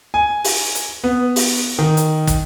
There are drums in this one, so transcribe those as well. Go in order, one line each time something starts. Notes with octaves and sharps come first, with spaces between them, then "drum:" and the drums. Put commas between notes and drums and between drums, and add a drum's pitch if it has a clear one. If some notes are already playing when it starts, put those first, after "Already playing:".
G#5
drum: open hi-hat
drum: hi-hat
B3
drum: open hi-hat
D#3
drum: hi-hat
drum: kick, hi-hat